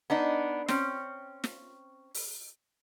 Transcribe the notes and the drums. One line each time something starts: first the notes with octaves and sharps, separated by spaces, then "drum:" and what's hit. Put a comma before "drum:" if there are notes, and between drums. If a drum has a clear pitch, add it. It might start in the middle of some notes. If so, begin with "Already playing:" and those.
B3 D4 D#4
C4 C#4, drum: snare
drum: snare
drum: open hi-hat